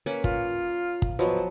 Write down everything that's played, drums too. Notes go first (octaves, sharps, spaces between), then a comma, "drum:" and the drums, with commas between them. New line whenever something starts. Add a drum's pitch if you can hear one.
A#3 C#4 B4
F4, drum: kick
drum: kick
B2 F3 F#3